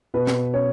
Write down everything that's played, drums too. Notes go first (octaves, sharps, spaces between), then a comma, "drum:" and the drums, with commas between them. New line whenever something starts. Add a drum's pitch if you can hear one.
B2 B4
drum: snare
C#4 C#5